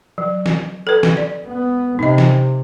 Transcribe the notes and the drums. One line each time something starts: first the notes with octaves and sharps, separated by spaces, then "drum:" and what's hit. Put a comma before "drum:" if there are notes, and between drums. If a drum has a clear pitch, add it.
F#3
drum: snare
A4 B4
drum: snare
D5
B3
C3 D#4 D#5
drum: snare